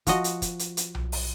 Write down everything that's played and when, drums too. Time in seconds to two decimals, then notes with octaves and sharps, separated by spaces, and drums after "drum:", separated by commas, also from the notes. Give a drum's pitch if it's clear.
0.07 F3 F#4 D#5, drum: kick, hi-hat
0.24 drum: hi-hat
0.42 drum: kick, hi-hat
0.59 drum: hi-hat
0.77 drum: hi-hat
0.95 drum: tom B1
1.12 drum: open hi-hat